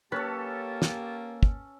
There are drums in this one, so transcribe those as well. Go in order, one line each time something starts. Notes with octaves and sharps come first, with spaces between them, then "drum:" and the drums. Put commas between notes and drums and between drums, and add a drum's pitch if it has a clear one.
A#3 C#4 G4 A4 B4 A5
drum: snare
drum: kick